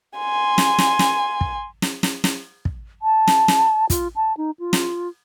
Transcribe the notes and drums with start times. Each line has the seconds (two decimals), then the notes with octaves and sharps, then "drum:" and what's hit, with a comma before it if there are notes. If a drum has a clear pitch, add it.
0.18 G#5 C6
0.58 drum: snare
0.79 drum: snare
0.99 drum: snare
1.41 drum: kick
1.82 drum: snare
2.03 drum: snare
2.24 drum: snare
2.65 drum: kick
3.02 A5
3.27 drum: snare
3.48 drum: snare
3.90 F4, drum: kick, hi-hat
4.16 A5
4.37 D#4
4.60 F4
4.73 drum: snare